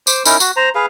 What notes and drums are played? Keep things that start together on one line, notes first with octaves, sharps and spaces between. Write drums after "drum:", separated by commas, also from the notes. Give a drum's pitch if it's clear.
C5 D6, drum: tambourine
C#4 D#4 E4 A#4, drum: tambourine
F#4, drum: tambourine
C5 A#5
G#4 B4 F5